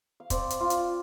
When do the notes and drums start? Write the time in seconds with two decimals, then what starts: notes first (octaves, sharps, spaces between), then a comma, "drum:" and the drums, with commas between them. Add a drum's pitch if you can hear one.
0.20 F5
0.30 C4 D5, drum: kick, hi-hat
0.50 drum: hi-hat
0.60 F4
0.70 drum: hi-hat